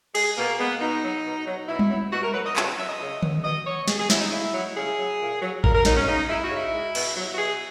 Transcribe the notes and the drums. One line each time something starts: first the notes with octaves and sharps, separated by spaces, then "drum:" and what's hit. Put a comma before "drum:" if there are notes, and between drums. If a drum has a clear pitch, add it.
G#3 G#4, drum: cymbal
B2 A#3
G#3 B3
B2 D#4
F#3
B2
F#3
B2 E4
drum: tom G3
F#3
B2 F#4
A#4
F#3 B4
D#5
C#3 E5, drum: clap
F#3 E5
D#5
C#3
F#3, drum: tom D3
B2 D#5
F#3 C#5
B2 G#4, drum: snare
G#4
F#3 E4, drum: snare
D#4
C#3 E4
F#3
C#3 G#4
F#3
A#2
F#3
A#2 A#4, drum: kick A1
A#4
F#3 D#4, drum: snare
C#4
C#3 D#4
G#3 E4
F#4
C#3
E4
G#3
B2, drum: cymbal
F#3
F#4
B2 G#4